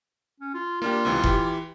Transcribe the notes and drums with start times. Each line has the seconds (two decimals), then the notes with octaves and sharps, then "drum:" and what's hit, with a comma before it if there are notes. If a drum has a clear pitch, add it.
0.40 C#4
0.54 F4
0.82 A#3 D4 F4 G4
1.05 C#2 C3 E3
1.24 E3 G4, drum: kick F#1